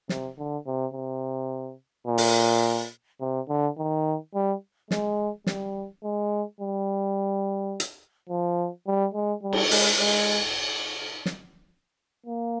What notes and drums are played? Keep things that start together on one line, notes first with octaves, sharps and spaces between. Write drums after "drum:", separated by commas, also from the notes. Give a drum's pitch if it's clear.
C3, drum: snare
D3
C3
C3
A#2
drum: open hi-hat
C3
D3
D#3
G3
G#3, drum: snare
G3, drum: snare
G#3
G3
drum: hi-hat
F3
G3
G#3
G3
drum: cymbal
G#3, drum: open hi-hat
G#3
drum: snare
A#3